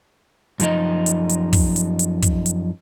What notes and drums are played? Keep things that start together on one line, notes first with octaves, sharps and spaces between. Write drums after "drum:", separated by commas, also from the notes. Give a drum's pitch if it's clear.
F#2 F3 D#4 D#5, drum: hi-hat
drum: hi-hat
drum: hi-hat
drum: kick, open hi-hat
drum: hi-hat
drum: hi-hat
drum: kick, hi-hat
drum: hi-hat